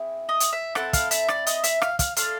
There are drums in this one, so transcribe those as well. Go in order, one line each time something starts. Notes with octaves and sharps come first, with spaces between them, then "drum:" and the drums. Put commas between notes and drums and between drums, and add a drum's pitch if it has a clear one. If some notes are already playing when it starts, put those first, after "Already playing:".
Already playing: C4 E4 G#4
D#5
drum: hi-hat
E5
C4 E4 A4 F#5, drum: rim click
F5, drum: kick, hi-hat
E5, drum: hi-hat
D5, drum: rim click
D#5, drum: hi-hat
E5, drum: hi-hat
F5, drum: rim click
F5, drum: kick, hi-hat
A3 D4 F4 A4 F5, drum: hi-hat